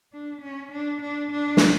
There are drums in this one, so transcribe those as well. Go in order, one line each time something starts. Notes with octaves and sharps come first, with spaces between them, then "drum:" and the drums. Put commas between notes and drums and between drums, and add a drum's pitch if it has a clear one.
D4
C#4
D4
D4
D4
drum: snare